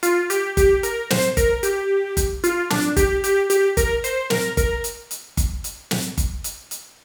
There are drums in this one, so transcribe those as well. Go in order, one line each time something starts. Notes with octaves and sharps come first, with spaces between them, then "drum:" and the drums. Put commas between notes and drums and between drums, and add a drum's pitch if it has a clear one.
F4, drum: hi-hat
G4, drum: hi-hat
G4, drum: kick G1, hi-hat
A#4, drum: hi-hat
C5, drum: snare
A#4, drum: kick G1, hi-hat
G4, drum: hi-hat
drum: kick G1, hi-hat
F4, drum: hi-hat
D4, drum: snare
G4, drum: kick G1, hi-hat
G4, drum: hi-hat
G4, drum: hi-hat
A#4, drum: kick G1, hi-hat
C5, drum: hi-hat
A#4, drum: snare
A#4, drum: kick G1, hi-hat
drum: hi-hat
drum: hi-hat
drum: kick G1, hi-hat
drum: hi-hat
drum: snare
drum: kick G1, hi-hat
drum: hi-hat
drum: hi-hat